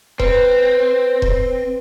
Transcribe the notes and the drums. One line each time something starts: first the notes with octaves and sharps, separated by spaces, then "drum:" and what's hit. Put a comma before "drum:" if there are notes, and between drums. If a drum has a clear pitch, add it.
C4 B4, drum: kick E1
drum: kick E1